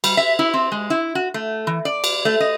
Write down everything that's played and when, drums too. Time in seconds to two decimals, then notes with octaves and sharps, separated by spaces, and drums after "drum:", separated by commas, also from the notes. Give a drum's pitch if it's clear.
0.04 G3, drum: cymbal
0.17 E5
0.39 E4
0.54 C4
0.72 G#3
0.90 E4
1.15 F#4
1.34 A3
1.67 E3
1.85 D5
2.04 drum: cymbal
2.25 A3
2.40 D#5